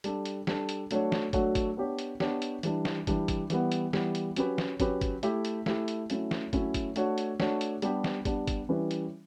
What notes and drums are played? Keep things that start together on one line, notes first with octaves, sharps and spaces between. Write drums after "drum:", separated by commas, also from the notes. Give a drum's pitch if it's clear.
G3 D4 A4, drum: hi-hat
drum: hi-hat
G3 D4 A4, drum: snare
drum: hi-hat
F#3 A3 D4 F#4 C#5, drum: hi-hat
drum: snare
F#3 A3 D4 F#4 C#5, drum: kick, hi-hat
drum: kick, hi-hat
B3 D4 G4 C#5
drum: hi-hat
B3 D4 G4 C#5, drum: snare
drum: hi-hat
E3 G3 D4, drum: hi-hat
drum: snare
E3 G3 D4, drum: kick, hi-hat
drum: kick, hi-hat
E3 G3 B3, drum: hi-hat
drum: hi-hat
E3 G3 B3, drum: snare
drum: hi-hat
F#3 C#4 G4 B4, drum: hi-hat
drum: snare
F#3 C#4 G4 B4, drum: kick, hi-hat
drum: kick, hi-hat
A3 E4 G4, drum: hi-hat
drum: hi-hat
A3 E4 G4, drum: snare
drum: hi-hat
F#3 A3 C#4 E4, drum: hi-hat
drum: snare
F#3 A3 C#4 E4, drum: kick, hi-hat
drum: kick, hi-hat
A3 D4 F#4 C#5, drum: hi-hat
drum: hi-hat
A3 D4 F#4 C#5, drum: snare
drum: hi-hat
G3 B3 D4 G4, drum: hi-hat
drum: snare
G3 B3 D4 G4, drum: kick, hi-hat
drum: kick, hi-hat
E3 G3 C#4 E4 B4
drum: hi-hat